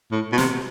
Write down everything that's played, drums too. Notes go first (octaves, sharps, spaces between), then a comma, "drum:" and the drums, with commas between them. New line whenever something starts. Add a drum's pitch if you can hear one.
A2
B2
C3, drum: snare